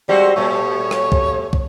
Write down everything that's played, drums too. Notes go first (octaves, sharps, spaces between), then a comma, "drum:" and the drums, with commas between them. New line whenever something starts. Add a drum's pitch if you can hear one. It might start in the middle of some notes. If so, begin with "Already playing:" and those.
G3 G#3 C4 F#4
A#2 G3 A3 C#5
drum: rim click
drum: kick
drum: kick